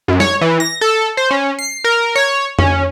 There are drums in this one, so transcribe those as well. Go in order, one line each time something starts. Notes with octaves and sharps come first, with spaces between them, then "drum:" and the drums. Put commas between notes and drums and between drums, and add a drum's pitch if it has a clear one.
F#2
C#5, drum: snare
E3
A#6
A4
C5
C#4
C7
A#4
C#5
C#4, drum: tom F2